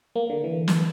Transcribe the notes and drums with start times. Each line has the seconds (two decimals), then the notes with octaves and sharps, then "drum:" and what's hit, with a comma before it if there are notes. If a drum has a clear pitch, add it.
0.16 A#3
0.30 D3
0.44 E3
0.68 drum: snare